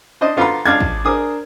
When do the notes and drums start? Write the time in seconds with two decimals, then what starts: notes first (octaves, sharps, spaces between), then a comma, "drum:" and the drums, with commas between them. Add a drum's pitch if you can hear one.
0.21 D4 C5 D#5
0.37 D3 B3 F4 C5 A#5 C6
0.66 C#2 D4 F5 G#6
0.80 drum: kick
1.05 D4 G#4 A#4 C5 D#6